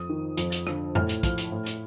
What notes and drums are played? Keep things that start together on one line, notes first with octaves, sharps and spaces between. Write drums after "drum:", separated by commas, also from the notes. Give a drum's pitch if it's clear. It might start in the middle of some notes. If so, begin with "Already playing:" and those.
Already playing: F2 D#6
D#3
F2, drum: hi-hat
drum: hi-hat
D3 F3, drum: rim click
A2 F6, drum: tom F2
drum: hi-hat
F3, drum: kick, hi-hat
drum: hi-hat
A2
drum: hi-hat